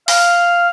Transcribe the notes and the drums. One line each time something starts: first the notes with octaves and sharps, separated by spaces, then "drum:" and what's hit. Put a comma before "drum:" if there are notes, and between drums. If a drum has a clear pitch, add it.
F5, drum: open hi-hat